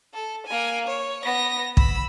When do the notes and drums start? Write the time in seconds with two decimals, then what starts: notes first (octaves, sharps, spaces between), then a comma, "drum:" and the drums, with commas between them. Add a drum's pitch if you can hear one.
0.14 A4
0.47 A#3 G#5
0.86 C#5
1.25 B3 A#6
1.77 B5 E6, drum: kick